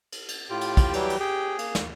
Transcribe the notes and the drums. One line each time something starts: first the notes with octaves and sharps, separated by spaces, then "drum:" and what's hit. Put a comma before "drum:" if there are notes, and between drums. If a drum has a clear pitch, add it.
drum: cymbal
drum: cymbal
A2 F4 G4
drum: cymbal
drum: kick, cymbal
E3 F#3 G3, drum: cymbal
drum: cymbal
G4 G#4
A#3, drum: cymbal
drum: snare